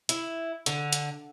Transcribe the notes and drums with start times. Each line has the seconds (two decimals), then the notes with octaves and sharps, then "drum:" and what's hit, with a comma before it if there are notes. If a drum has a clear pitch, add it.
0.09 E4, drum: hi-hat
0.66 D3, drum: hi-hat
0.93 drum: hi-hat